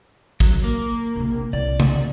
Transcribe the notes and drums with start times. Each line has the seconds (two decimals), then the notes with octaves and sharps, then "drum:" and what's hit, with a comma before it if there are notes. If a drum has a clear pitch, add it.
0.40 F#3, drum: kick
0.64 A#3
1.16 A#1 C3
1.53 C2 D5
1.80 drum: tom C3